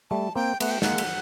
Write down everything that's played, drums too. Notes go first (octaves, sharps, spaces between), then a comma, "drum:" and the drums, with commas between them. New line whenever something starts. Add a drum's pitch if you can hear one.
G3 A3 A5
A#3 C4 G5
A3 B3 F#5, drum: cymbal
G5
G#3 A#3 F#5, drum: snare
drum: cymbal